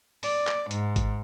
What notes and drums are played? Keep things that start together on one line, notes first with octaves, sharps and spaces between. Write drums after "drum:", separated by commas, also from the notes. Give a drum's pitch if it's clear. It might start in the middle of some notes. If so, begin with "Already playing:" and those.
D5, drum: open hi-hat
drum: clap
G#2, drum: hi-hat
drum: kick G#1, hi-hat